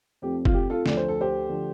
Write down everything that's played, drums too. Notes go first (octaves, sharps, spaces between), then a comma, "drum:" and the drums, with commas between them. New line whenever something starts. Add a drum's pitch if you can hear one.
F1 F2 F3 A3 C4 G4
F4, drum: kick
G4
F4 A4
D2 D3 F3 A3 D5, drum: snare
C5
A4
G4 C5
D3 F3 A3